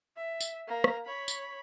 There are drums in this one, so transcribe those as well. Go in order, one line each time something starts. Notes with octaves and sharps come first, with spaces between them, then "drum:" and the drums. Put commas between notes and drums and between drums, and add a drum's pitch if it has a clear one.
E5
drum: tambourine
A#3 A#5
drum: rim click
C#5 B5
drum: tambourine